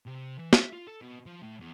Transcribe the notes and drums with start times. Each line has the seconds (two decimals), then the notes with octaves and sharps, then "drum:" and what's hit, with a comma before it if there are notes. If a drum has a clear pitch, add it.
0.07 C3
0.39 E3
0.53 E5, drum: snare
0.72 F4
0.87 A4
1.01 B2
1.26 F3
1.43 A2
1.60 E2